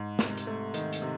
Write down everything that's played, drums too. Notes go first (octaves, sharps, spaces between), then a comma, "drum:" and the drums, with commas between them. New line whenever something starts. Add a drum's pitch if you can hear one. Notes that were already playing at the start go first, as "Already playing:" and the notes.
Already playing: G#2
C3, drum: snare
drum: hi-hat
A3
D#3, drum: hi-hat
drum: hi-hat
C3